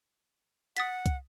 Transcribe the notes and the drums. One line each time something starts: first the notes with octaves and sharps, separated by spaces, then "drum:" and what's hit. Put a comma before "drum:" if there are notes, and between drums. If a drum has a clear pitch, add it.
F#5 D#6 A6 B6, drum: hi-hat
drum: kick, hi-hat